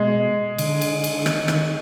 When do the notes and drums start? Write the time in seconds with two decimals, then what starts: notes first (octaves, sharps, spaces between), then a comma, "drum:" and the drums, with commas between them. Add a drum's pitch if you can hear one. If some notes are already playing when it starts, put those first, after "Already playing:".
Already playing: B2 G#3
0.58 D3, drum: cymbal
0.81 drum: cymbal
0.92 D3
1.04 drum: cymbal
1.26 D#3, drum: rim click
1.48 D#3, drum: rim click